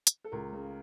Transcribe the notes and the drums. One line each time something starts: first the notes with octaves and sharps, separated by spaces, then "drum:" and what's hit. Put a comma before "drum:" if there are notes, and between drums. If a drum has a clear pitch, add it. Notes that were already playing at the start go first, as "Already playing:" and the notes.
drum: hi-hat
A4
C#2 A#4
C#3